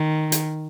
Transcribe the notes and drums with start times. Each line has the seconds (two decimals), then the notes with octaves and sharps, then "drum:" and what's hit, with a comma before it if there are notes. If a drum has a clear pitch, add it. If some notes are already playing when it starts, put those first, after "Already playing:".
Already playing: D#3
0.32 drum: hi-hat